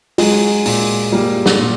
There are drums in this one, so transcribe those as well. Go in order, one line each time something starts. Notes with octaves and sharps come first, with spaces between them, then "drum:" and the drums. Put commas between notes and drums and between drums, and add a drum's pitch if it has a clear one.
F#3 G#3, drum: open hi-hat
A#2, drum: open hi-hat
G3 A#3
drum: snare
A#2